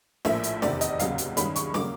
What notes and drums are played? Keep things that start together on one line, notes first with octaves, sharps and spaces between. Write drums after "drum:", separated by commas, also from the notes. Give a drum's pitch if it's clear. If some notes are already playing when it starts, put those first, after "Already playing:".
A#1 A2 F3 A#3 E5, drum: snare
drum: hi-hat
F1 E2 C3 D#3 D5, drum: snare
D#5, drum: hi-hat
D#2 C#3 F#3 B3 F5, drum: hi-hat
drum: hi-hat
G2 D#3 G#3 C#4 B5, drum: hi-hat
C#6, drum: hi-hat
C#3 F#3 A#3 D6, drum: snare